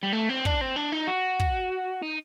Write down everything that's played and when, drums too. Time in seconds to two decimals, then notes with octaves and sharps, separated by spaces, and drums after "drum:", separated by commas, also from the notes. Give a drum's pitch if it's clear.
0.03 G3
0.13 A3
0.29 C4
0.45 D4, drum: kick
0.61 C4
0.76 D4
0.92 D#4
1.08 F#4
1.40 drum: kick
2.02 D#4